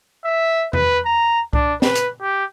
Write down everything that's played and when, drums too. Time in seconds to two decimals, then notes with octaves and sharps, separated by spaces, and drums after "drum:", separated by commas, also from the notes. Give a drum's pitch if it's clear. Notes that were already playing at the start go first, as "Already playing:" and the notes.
0.24 E5
0.73 B4, drum: tom E2
1.05 A#5
1.53 D4, drum: kick C2
1.82 B4, drum: snare
1.95 drum: hi-hat
2.21 G4